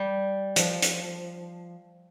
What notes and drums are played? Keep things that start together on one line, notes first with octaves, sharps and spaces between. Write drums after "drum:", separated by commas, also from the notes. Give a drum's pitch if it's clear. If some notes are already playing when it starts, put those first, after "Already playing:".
Already playing: G3
F3, drum: hi-hat
drum: hi-hat